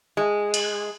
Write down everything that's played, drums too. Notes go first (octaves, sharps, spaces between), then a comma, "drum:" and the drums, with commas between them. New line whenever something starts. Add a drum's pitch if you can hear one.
G#3
drum: cymbal